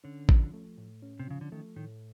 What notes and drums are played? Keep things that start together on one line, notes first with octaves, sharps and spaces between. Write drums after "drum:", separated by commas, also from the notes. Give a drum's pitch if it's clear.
D3 C#4
F3, drum: kick A1
A3
A2
C#4
C3
C#3 F3
D3
D#3 A3
A2 D#3